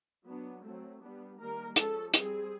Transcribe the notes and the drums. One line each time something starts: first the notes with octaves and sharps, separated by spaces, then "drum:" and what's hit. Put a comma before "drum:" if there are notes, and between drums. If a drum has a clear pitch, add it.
F#3 B3 D4
F#3 A3 C4
G3 B3 D4
D#3 G3 A#3 A#4
F3 G#3 C#4 A4, drum: hi-hat
G3 C4 G#4, drum: hi-hat